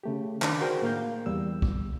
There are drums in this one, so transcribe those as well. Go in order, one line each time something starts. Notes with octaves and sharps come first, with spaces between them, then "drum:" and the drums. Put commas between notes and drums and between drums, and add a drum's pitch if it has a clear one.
C#3 A3 G4
D#3 D4 D5, drum: clap
F#4 G#4 A#4 C5 G5
A2 A#3 F5 G6
E2 G3 E6
drum: kick